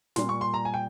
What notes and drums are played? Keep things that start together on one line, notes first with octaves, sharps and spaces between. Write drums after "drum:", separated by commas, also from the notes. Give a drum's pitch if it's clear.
A#2 G3 C6, drum: snare
C#6
C6
A#5
G#5
G5